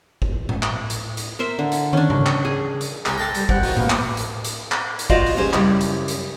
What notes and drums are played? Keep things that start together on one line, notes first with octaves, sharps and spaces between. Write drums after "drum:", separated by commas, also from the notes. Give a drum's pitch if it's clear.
drum: kick
drum: tom A2
drum: clap
drum: hi-hat
drum: hi-hat
A#4 C5 E5
D3
drum: hi-hat
D#3 C#4 D4
C#3, drum: tom G#2
drum: clap
G#4
drum: hi-hat
C2 C4 G#5, drum: clap
A4 G5 A5 C6 A#6
G3, drum: hi-hat
G3 C5 F#5 F#6, drum: kick
D#4 F4 F#4, drum: open hi-hat
B2 A#3, drum: tom A2
drum: clap
drum: hi-hat
drum: hi-hat
drum: clap
drum: hi-hat
F4 F#4 C5 D5 D#5 F5, drum: kick
drum: open hi-hat
C#4 G4 G#4 C5
F#2 C#3 G3 E4, drum: clap
drum: hi-hat
drum: hi-hat